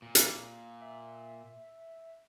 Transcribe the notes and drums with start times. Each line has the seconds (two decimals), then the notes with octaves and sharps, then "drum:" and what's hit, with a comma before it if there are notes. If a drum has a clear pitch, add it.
0.02 A#2
0.15 drum: hi-hat
0.81 E5